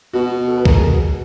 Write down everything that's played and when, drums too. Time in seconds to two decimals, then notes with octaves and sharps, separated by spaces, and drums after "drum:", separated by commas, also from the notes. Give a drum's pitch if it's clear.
0.13 B2 F#4
0.48 A4
0.58 B4
0.65 A#4, drum: kick
0.75 G#4
0.83 F#4